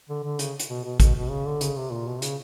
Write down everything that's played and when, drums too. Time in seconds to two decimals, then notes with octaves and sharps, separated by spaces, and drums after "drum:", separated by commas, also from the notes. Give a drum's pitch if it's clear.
0.09 D3
0.24 D3
0.39 C#3, drum: hi-hat
0.60 drum: hi-hat
0.69 B2
0.85 B2
1.00 B2, drum: kick A1, hi-hat
1.15 B2
1.30 C#3
1.46 D3
1.61 C#3, drum: hi-hat
1.77 C3
1.92 A#2
2.07 B2
2.22 C#3, drum: hi-hat